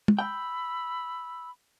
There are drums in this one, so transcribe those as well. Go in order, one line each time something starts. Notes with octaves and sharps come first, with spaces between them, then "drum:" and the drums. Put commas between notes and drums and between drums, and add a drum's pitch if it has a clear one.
drum: tom
G5 B5 E6